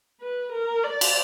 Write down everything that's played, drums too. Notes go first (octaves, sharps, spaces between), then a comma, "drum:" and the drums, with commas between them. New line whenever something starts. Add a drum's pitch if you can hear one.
B4
A#4
D5
drum: cymbal